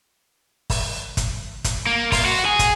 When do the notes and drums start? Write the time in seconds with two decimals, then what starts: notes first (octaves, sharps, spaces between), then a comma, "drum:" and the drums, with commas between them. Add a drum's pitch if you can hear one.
0.70 drum: kick, open hi-hat
1.17 drum: kick, hi-hat
1.64 drum: kick, hi-hat
1.87 A#3
2.12 F4, drum: kick, open hi-hat
2.25 F#4
2.45 G#4
2.59 drum: kick, hi-hat